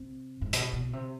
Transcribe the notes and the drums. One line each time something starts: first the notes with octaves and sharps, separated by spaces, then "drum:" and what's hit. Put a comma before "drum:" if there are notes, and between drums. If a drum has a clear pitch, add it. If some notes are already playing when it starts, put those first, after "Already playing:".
Already playing: C3
G#2
B2, drum: hi-hat
B2
C3